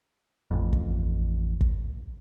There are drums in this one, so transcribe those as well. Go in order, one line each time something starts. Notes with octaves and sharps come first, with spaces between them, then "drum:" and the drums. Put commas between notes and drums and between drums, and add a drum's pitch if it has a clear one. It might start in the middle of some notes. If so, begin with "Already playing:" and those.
A1 F2
drum: kick
drum: kick